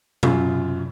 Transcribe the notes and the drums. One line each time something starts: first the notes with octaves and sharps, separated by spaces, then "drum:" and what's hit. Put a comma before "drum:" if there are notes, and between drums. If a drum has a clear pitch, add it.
F#2 F4, drum: tom B2